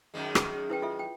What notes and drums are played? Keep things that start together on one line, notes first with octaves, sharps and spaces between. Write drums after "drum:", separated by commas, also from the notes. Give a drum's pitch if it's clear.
F#2 D#3 G#3
G#4, drum: rim click
E4 B4 G5
F4 A4 E5
G5